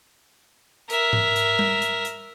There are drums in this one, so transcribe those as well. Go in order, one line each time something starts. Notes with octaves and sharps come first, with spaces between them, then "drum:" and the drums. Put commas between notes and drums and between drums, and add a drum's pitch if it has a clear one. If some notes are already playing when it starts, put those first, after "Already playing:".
A#4 E5, drum: hi-hat
drum: tom G#2
drum: hi-hat
drum: tom G3
drum: hi-hat
drum: hi-hat